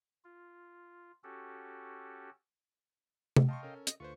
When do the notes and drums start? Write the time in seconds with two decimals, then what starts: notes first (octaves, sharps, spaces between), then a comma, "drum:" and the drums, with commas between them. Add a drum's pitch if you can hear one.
0.24 F4
1.24 C#4 F#4 G4 A4
3.36 drum: tom C3
3.49 D#5 F5 G5 A5 C6 C#6
3.63 C#4 A4 A#4
3.87 D#5, drum: hi-hat
4.00 D2 F4 B4 C5 C#6